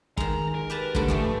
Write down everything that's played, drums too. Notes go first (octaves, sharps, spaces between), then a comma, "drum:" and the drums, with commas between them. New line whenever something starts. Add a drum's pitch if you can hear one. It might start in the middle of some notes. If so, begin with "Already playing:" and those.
D#3 G#3 A#5, drum: kick
A#4
G4 B4 A5
D3 G3 A3, drum: kick
A2 E3 F3, drum: kick